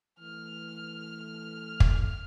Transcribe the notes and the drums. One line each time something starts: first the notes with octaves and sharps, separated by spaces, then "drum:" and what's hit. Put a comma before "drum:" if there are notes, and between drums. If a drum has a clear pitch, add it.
E3 A3 F6
drum: kick